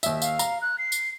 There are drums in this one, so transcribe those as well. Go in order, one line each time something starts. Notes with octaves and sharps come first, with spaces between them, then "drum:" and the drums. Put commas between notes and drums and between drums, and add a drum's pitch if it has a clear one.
D#2 E5, drum: tambourine
F5, drum: tambourine
A#5, drum: tambourine
F#6
C7
drum: tambourine